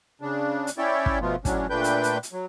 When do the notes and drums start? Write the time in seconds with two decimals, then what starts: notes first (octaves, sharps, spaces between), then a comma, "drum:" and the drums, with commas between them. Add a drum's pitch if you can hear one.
0.21 C#3 D4
0.67 drum: hi-hat
0.78 C#4 E4 C#5 D5 E5 G5
1.06 drum: kick
1.21 B2 F3 A3 B3 F4
1.45 A2 F#3 C#4 D4, drum: kick, hi-hat
1.70 A#2 A3 D4 B4 G5 G6
1.84 drum: hi-hat
2.03 drum: hi-hat
2.23 drum: hi-hat
2.32 F#3